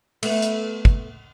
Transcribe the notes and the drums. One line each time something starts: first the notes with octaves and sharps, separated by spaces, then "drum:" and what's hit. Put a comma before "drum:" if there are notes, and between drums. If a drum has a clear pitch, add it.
A3 B3, drum: cymbal
drum: hi-hat
drum: kick